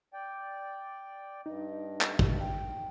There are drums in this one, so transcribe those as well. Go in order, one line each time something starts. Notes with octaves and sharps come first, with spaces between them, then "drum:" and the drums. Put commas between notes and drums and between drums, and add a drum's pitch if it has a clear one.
D5 G5
G2 D#4 D#5
drum: clap
drum: kick
G5